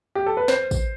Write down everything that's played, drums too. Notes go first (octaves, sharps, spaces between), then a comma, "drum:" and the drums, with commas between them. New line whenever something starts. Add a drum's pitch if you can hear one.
G4
A4
B4
C5, drum: snare
drum: kick, tambourine